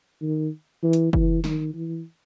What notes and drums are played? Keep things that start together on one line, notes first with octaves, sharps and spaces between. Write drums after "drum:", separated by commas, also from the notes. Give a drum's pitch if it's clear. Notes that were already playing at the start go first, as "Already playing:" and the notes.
D#3
E3
drum: hi-hat
E3, drum: kick
D#3, drum: snare
E3